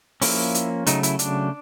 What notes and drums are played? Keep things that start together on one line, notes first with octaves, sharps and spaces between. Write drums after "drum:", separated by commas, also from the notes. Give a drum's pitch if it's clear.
F3 A#3 C#4 E4, drum: open hi-hat
drum: hi-hat
C#3 F#3 A3 D#4, drum: hi-hat
E4, drum: hi-hat
D4, drum: hi-hat